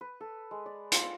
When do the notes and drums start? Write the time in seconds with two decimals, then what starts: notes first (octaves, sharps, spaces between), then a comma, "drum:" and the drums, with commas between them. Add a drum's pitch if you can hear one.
0.01 B4
0.20 A4
0.51 G#3
0.66 D5
0.92 F4, drum: hi-hat